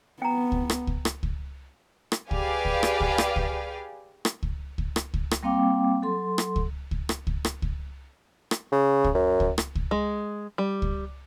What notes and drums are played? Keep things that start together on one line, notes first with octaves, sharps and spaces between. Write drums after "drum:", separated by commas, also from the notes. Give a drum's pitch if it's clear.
B3 G5 A#5
drum: kick C#2
drum: rim click
drum: kick C#2
drum: rim click
drum: kick C#2
drum: rim click
G4 G#4 B4 D5 F5 G#5, drum: kick C#2
drum: kick C#2
drum: rim click
drum: kick C#2
drum: rim click
drum: kick C#2
drum: rim click
drum: kick C#2
drum: kick C#2
drum: rim click
drum: kick C#2
drum: rim click
G3 A#3 C4 F5 G5 D6
F#3 A4 C6
drum: rim click
drum: kick C#2
drum: kick C#2
drum: rim click
drum: kick C#2
drum: rim click
drum: kick C#2
drum: rim click
C#3
drum: kick C#2
F#2
drum: kick C#2
drum: rim click
drum: kick C#2
G#3
G3
drum: kick C#2